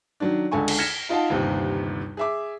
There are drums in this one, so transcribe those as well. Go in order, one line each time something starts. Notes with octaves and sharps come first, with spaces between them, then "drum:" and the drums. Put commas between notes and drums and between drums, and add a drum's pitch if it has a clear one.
D#3 F#3 D4
C#2 D3 A4 G#5 C#6
drum: cymbal
F6 G#6 A#6 B6 C#7 E7
D#4 F4 D#5 F5 F#5 A5
G1 D#2 C3
G#4 E5 D6